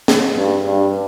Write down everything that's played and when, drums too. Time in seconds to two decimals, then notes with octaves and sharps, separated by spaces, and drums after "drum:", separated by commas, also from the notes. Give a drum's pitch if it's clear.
0.08 drum: snare
0.36 G2
0.65 G2